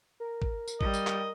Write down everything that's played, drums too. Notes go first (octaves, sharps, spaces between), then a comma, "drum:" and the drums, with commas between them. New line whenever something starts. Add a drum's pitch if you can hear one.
A#4
drum: kick
drum: tambourine
G3 D#5, drum: kick
drum: tambourine
drum: clap